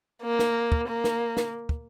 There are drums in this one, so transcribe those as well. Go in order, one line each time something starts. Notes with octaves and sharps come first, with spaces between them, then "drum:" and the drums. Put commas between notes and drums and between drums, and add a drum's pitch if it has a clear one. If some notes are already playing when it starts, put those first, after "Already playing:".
A#3
drum: snare
drum: kick
A#3
drum: snare
drum: snare
drum: kick